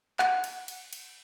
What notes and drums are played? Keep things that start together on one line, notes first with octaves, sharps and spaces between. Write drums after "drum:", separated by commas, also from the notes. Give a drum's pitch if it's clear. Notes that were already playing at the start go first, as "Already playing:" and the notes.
F#5, drum: clap
drum: cymbal
drum: cymbal
drum: cymbal